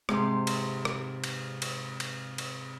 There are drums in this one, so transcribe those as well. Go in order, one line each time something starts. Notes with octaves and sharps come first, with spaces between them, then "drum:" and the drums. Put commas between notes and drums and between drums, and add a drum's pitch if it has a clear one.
G#2 C3 C6, drum: rim click
drum: cymbal
drum: rim click
drum: cymbal
drum: cymbal
drum: cymbal
drum: cymbal